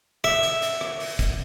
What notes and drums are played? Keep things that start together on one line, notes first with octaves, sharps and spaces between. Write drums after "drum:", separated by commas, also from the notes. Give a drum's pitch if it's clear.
E5, drum: rim click
drum: hi-hat
drum: hi-hat
drum: rim click
drum: open hi-hat
drum: kick, hi-hat